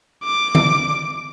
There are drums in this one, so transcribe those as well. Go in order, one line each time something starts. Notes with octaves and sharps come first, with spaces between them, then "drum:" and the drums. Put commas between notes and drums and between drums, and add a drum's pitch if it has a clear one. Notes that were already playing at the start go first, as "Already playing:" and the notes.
D6
drum: tom D3